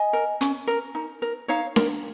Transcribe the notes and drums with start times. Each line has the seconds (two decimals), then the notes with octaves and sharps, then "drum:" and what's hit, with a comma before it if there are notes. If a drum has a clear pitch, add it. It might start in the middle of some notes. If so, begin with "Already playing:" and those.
Already playing: D#5 G#5
0.13 A#4
0.41 C#4, drum: hi-hat
0.67 A#4
0.95 D#4
1.22 A#4
1.48 D#4 C#5 F5
1.76 A#4, drum: snare D4